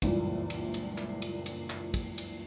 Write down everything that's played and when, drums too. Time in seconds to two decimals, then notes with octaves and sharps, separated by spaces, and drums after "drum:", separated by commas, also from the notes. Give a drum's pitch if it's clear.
0.02 F#1 C#2 G2 A#2 E3, drum: kick, cymbal
0.50 drum: cymbal
0.74 drum: cymbal
0.98 drum: clap
1.22 drum: cymbal
1.46 drum: cymbal
1.70 drum: clap
1.94 drum: kick, cymbal
2.18 drum: cymbal